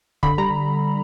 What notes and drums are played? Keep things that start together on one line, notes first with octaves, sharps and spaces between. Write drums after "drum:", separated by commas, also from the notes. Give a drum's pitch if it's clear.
D3 B5, drum: kick
G3 A#5